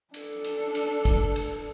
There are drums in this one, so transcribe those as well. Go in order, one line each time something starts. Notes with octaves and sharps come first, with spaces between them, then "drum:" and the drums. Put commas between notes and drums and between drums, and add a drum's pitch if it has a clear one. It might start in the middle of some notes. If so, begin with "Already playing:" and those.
D4 A4, drum: cymbal
drum: cymbal
drum: cymbal
drum: kick, cymbal
drum: cymbal